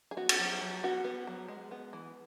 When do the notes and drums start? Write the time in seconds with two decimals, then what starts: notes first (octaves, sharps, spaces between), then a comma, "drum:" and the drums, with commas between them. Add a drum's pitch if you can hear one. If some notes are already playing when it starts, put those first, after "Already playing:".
0.11 G#4
0.17 B3 F#4
0.29 drum: cymbal
0.39 F#3
0.61 F#3
0.84 B3 F#4
1.05 B3
1.27 F#3
1.48 G#3
1.71 B3
1.93 E3